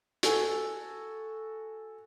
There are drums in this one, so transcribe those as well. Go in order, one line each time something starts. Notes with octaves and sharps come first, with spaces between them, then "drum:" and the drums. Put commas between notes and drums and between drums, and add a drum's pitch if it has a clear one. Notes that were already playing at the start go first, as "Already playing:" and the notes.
F#4 A4 G#5, drum: hi-hat